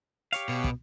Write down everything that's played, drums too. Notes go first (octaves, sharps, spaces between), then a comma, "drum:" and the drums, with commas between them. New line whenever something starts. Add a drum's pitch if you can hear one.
G4 C#5 F5, drum: hi-hat
B2
drum: kick